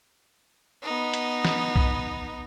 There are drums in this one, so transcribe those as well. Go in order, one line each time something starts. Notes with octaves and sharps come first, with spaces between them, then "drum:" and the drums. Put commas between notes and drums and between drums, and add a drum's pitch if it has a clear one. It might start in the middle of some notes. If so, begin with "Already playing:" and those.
B3 D#4
drum: hi-hat
drum: snare
drum: kick B1